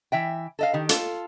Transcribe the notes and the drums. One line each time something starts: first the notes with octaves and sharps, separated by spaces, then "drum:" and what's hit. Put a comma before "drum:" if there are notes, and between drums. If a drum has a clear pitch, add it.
E3 E5 G5
A4 D#5 F5
D#3 G4
F4 A4, drum: hi-hat